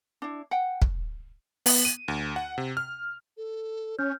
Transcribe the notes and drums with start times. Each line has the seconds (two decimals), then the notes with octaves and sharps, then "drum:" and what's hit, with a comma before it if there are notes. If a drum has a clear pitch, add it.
0.22 D4 E4
0.51 F#5 G5
0.82 drum: kick
1.66 B3, drum: open hi-hat
1.85 D#7
2.08 D2
2.36 F#5
2.58 C3
2.77 F6
3.37 A4
3.99 C#4 C#5 F6 G6